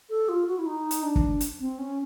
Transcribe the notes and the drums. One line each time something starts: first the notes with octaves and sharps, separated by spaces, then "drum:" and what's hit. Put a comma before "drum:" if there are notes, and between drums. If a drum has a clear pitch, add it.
A4
F4
F#4
E4
D#4
drum: hi-hat
D4
drum: kick
drum: hi-hat
C4
C#4